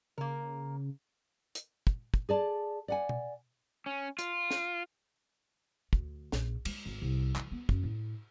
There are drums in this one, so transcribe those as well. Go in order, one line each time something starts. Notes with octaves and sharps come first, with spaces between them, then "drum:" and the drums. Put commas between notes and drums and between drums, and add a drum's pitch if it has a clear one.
C#3 A#3 A#4
drum: hi-hat
drum: kick
drum: kick
G#4 D5 A5
D5 F#5 G#5
drum: tom B2
C#4
F4, drum: hi-hat
drum: snare
D2, drum: kick
A#1, drum: snare
G#3, drum: cymbal
G#1
C2
E3, drum: clap
B3
F#2, drum: kick
A2